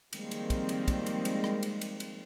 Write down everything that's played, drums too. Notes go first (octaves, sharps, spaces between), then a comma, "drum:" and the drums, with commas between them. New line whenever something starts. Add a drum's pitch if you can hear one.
D#3 F3 G3 G#3 A#3 C4, drum: cymbal
drum: cymbal
drum: kick, cymbal
drum: cymbal
drum: kick, cymbal
drum: cymbal
drum: cymbal
drum: rim click
drum: cymbal
drum: cymbal
drum: cymbal